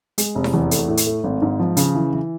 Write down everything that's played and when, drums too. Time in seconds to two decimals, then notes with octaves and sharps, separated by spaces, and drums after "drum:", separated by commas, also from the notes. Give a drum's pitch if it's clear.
0.18 G#3, drum: hi-hat
0.35 F1
0.44 drum: snare E4
0.53 E2
0.71 A3, drum: hi-hat
0.88 A2
0.97 drum: hi-hat
1.07 A3
1.24 G#1
1.42 G#2
1.59 F3
1.77 C#3, drum: hi-hat
1.95 E3
2.13 E3